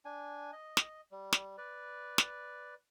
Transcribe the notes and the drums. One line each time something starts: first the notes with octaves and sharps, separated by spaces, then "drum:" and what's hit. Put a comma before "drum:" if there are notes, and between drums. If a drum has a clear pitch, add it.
D4 G#5
D#5
drum: snare
G3
drum: snare
B4 D5
drum: snare